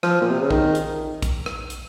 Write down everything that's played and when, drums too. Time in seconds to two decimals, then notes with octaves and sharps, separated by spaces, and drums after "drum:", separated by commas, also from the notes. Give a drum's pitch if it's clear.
0.03 F3, drum: rim click
0.21 A#2
0.30 C3
0.41 C#3
0.50 D#3, drum: kick A#1
0.75 drum: hi-hat
1.22 drum: kick A#1, hi-hat
1.46 drum: rim click
1.70 drum: hi-hat